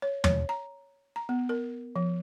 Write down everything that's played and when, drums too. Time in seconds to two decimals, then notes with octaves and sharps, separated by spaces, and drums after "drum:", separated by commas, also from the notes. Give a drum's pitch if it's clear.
0.02 C#5
0.24 C#5, drum: tom
0.49 A#5
1.16 A#5
1.29 B3
1.49 A#4
1.96 F3